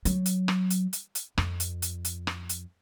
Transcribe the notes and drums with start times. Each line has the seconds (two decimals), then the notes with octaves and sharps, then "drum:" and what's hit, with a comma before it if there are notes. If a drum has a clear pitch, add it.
0.05 F#3, drum: hi-hat
0.26 drum: hi-hat
0.48 drum: rim click
0.70 drum: hi-hat
0.93 drum: hi-hat
1.15 drum: hi-hat
1.38 F2, drum: rim click
1.60 drum: hi-hat
1.82 drum: hi-hat
2.05 drum: hi-hat
2.27 drum: rim click
2.49 drum: hi-hat